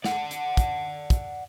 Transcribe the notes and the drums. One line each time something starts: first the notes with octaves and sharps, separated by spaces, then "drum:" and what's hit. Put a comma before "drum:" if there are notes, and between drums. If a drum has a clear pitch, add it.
D5 F#5, drum: snare
drum: hi-hat
drum: kick, hi-hat
drum: kick, hi-hat